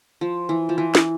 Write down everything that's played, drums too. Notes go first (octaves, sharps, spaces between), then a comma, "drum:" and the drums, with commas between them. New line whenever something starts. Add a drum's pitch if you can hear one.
F3
E3
F3
E3
drum: snare